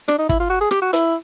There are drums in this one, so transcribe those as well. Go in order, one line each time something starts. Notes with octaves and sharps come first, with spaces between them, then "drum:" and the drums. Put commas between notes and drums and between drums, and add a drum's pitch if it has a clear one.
D4, drum: rim click
D#4
E4, drum: kick
F4
F#4
G#4
G4, drum: rim click
F#4
E4, drum: hi-hat